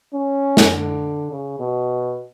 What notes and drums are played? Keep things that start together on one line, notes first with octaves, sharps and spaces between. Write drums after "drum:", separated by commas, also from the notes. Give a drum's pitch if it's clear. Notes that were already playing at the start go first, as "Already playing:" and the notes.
C#4
drum: snare
D3
C#3
B2